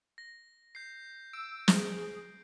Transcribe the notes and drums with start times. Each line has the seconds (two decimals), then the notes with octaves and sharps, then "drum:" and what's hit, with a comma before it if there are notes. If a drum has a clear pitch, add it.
0.18 A#6
0.75 G6 C7
1.33 E6 D7
1.68 G#4, drum: snare